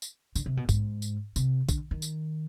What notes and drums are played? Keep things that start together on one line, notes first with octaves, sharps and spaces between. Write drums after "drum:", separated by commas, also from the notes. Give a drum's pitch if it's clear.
drum: tambourine
D3, drum: tambourine
C3
B2
G#2, drum: kick, tambourine
drum: tambourine
C3, drum: tambourine
D3, drum: kick, tambourine
D#3
drum: tambourine